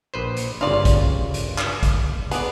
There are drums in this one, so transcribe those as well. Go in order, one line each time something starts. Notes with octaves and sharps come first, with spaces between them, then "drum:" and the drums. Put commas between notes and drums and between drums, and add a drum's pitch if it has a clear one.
A#1 B4 C5
drum: hi-hat
G1 C#3 F4 D5
drum: kick A#1, hi-hat
drum: hi-hat
drum: clap
drum: kick A#1, hi-hat
B3 G#4 D5, drum: hi-hat